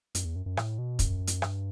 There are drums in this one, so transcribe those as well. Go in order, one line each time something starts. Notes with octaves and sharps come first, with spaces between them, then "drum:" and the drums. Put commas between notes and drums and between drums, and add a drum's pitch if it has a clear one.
F#2, drum: hi-hat
E2
F#2
F#2
A2, drum: rim click
B2
F#2, drum: kick, hi-hat
drum: hi-hat
G2, drum: rim click